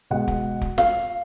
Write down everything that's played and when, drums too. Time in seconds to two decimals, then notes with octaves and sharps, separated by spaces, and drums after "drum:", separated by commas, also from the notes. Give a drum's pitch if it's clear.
0.10 B2 G#3 F#5
0.28 drum: kick
0.61 drum: kick
0.78 F5, drum: snare